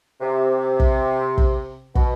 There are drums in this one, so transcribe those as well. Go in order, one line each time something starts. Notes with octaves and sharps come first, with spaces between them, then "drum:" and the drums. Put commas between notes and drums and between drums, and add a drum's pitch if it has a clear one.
C3
drum: kick
drum: kick
B2, drum: kick